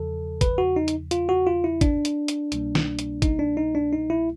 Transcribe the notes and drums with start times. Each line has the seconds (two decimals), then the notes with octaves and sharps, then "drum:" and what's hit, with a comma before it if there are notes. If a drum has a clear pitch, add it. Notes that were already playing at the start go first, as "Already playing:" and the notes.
Already playing: E2 C#3 F3 A4
0.41 B4, drum: kick, hi-hat
0.58 F#4
0.76 D#4
0.88 drum: hi-hat
1.11 F4, drum: hi-hat
1.29 F#4
1.47 F4
1.64 E4
1.81 D4, drum: kick, hi-hat
2.05 drum: hi-hat
2.28 drum: hi-hat
2.52 C2 B2 G3 A#3, drum: hi-hat
2.75 drum: snare
2.99 drum: hi-hat
3.22 D#4, drum: kick, hi-hat
3.39 D4
3.57 D#4
3.75 D4
3.93 D#4
4.10 E4